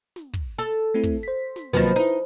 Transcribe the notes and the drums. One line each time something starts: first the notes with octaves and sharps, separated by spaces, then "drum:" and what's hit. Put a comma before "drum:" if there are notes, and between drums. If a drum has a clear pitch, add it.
drum: snare
drum: kick
A4
A3 C4 E4
drum: kick
C5 B6, drum: hi-hat
drum: snare
C3 D#3 F3 F#3 A#3 B3, drum: kick
D#4 E4 B4